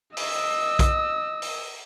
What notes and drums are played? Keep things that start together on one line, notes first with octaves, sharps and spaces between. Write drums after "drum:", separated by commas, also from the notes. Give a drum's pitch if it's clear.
D#5 E6, drum: open hi-hat
drum: kick B1, hi-hat
drum: open hi-hat